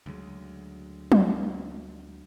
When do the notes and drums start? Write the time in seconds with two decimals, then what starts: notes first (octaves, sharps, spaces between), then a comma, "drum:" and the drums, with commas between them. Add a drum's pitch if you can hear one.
0.06 D2 C#3 F#3 G#3
1.12 drum: tom